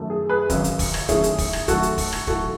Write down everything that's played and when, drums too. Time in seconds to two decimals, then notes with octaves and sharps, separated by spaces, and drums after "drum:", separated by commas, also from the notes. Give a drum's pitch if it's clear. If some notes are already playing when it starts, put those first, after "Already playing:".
Already playing: F#2 D#3 A3
0.10 G#4
0.30 G#4 B4
0.50 G#1 F#2 C#3, drum: kick, hi-hat
0.64 drum: hi-hat
0.79 drum: kick, open hi-hat
0.94 drum: rim click
1.09 F#2 D#3 A3 C#4 E4 G#4, drum: kick, hi-hat
1.24 drum: hi-hat
1.38 drum: kick, open hi-hat
1.53 drum: rim click
1.68 F#2 D#3 A3 F#4 A4, drum: kick, hi-hat
1.83 drum: hi-hat
1.98 drum: kick, open hi-hat
2.13 drum: rim click
2.27 B1 A2 E3 F#4 A4, drum: kick